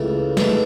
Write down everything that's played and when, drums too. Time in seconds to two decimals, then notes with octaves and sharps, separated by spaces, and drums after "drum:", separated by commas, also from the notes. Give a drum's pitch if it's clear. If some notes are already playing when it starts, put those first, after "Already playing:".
Already playing: C#2 C#3 E3 A3
0.37 G#2 E3 A3, drum: snare